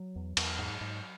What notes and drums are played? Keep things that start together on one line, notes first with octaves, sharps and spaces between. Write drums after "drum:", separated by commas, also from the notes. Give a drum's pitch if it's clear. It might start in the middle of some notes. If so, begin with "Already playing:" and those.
Already playing: F#3
E2
E2, drum: cymbal
G#2
G#2